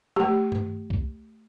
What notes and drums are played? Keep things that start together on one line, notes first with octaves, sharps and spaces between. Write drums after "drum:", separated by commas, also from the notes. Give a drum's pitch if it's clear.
A3 G4, drum: tom
drum: tom G2
drum: kick C2